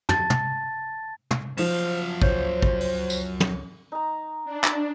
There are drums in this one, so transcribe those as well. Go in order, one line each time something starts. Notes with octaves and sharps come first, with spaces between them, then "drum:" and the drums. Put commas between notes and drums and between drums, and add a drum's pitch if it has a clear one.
A5 A6, drum: tom
drum: tom
drum: tom
F#2 F3 C5 F5 E7, drum: open hi-hat
C#2 C5 C#5 G6, drum: kick
drum: kick
drum: open hi-hat
drum: tambourine
drum: tom
D#4 A#5
D4
drum: clap